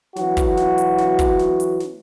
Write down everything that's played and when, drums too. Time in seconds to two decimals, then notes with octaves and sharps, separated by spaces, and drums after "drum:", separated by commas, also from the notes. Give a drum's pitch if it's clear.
0.16 E3 F#3 F#4, drum: snare
0.37 drum: kick, hi-hat
0.57 drum: snare
0.78 drum: hi-hat
0.98 drum: snare
1.19 drum: kick, hi-hat
1.39 drum: snare
1.60 drum: hi-hat
1.80 drum: snare